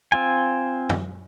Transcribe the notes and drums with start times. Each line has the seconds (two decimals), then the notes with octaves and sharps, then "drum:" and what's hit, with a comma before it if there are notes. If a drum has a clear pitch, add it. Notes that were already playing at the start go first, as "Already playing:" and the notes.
0.12 C4 F4 G#5
0.89 drum: tom